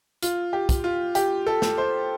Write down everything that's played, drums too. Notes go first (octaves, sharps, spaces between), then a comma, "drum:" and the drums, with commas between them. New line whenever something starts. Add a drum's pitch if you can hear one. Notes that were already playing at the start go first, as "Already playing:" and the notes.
F4, drum: hi-hat
G4
drum: kick, hi-hat
F4
G4, drum: hi-hat
A4
drum: snare
C5